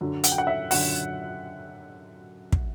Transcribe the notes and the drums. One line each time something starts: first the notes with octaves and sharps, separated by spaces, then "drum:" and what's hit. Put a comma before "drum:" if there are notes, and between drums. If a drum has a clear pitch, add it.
F#2 D3 F#3
F#5, drum: hi-hat
G5
F#5
E5
F#2 D3 F#3 F#5, drum: open hi-hat
drum: kick